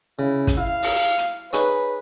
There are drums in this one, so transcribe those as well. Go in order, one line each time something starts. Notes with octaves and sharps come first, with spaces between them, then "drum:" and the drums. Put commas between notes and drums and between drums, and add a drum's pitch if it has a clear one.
C#3 E4
drum: kick, hi-hat
E4 F5
drum: open hi-hat
drum: hi-hat
D#4 G#4 B4 C#5, drum: hi-hat